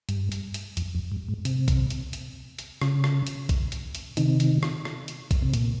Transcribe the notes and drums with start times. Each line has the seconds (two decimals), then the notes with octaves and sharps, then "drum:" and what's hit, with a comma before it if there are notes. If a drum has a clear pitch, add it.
0.09 G2, drum: hi-hat
0.32 drum: hi-hat
0.54 drum: hi-hat
0.77 F2, drum: hi-hat
0.95 F2
1.12 G2
1.28 G#2
1.45 C3, drum: hi-hat
1.68 drum: kick A#1, hi-hat
1.90 drum: hi-hat
2.13 drum: hi-hat
2.59 drum: hi-hat
2.82 C#3, drum: rim click
3.04 drum: rim click
3.27 drum: hi-hat
3.49 drum: kick A#1, hi-hat
3.72 drum: hi-hat
3.95 drum: hi-hat
4.17 C3 D#3, drum: hi-hat
4.40 drum: hi-hat
4.63 drum: rim click
4.85 drum: rim click
5.08 drum: hi-hat
5.31 drum: kick A#1, hi-hat
5.42 C3
5.54 A#2, drum: hi-hat